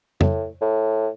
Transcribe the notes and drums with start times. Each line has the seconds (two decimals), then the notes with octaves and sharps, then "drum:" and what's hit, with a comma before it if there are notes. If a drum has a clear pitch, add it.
0.21 A2, drum: tom F2
0.62 A2